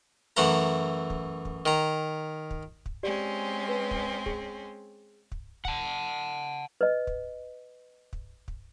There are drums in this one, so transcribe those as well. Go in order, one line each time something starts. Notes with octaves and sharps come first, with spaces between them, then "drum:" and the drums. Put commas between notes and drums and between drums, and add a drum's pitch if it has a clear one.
F#2 E3 A3 F#5 A#5
drum: kick
drum: kick
D#3 A#5
drum: kick
drum: kick
G#3 C4 C#4 G4 D5
B4
drum: kick
G#4, drum: kick
drum: kick
F#5 A5, drum: kick
B4 D#5
drum: kick
drum: kick
drum: kick